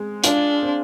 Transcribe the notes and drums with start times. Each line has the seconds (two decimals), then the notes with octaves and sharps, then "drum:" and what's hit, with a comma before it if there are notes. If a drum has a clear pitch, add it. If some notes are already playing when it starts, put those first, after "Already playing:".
Already playing: G#3 C4
0.24 D4 F4, drum: hi-hat
0.63 C4